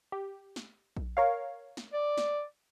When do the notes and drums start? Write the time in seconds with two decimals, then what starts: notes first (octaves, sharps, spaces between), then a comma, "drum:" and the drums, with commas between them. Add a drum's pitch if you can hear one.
0.12 G4
0.56 drum: snare
0.97 drum: kick A#1
1.17 A#4 C#5 F5
1.77 drum: snare
1.93 D5
2.18 drum: snare